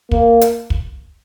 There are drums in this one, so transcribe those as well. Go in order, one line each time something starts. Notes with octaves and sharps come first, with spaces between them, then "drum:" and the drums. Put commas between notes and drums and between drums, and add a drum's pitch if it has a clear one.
A#3, drum: kick
drum: hi-hat
drum: kick